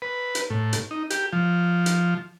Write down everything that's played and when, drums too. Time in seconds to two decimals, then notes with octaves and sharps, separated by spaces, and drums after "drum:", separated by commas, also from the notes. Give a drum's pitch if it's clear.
0.02 B4
0.35 drum: hi-hat
0.50 A2
0.73 drum: hi-hat
0.91 D#4
1.10 G4, drum: hi-hat
1.33 F3
1.86 drum: hi-hat